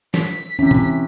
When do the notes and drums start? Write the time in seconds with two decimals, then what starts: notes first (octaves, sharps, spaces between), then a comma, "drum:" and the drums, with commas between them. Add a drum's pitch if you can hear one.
0.14 B6, drum: snare
0.59 C3 E3 C#4
0.71 drum: tom